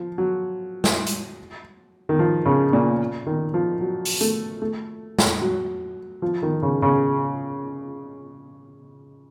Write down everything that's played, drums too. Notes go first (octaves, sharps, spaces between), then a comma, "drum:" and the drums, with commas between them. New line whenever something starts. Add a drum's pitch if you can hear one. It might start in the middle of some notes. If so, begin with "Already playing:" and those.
Already playing: F3
F#3
drum: snare
drum: hi-hat
D#3
F3
C#3
A#2
D#3
F3
F#3
drum: open hi-hat
A3, drum: hi-hat
A3
drum: snare
F#3
F3
D#3
C#3
C#3